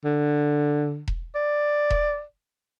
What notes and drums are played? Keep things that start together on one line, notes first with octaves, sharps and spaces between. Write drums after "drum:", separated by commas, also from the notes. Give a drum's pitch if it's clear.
D3
drum: kick E1
D5
drum: kick E1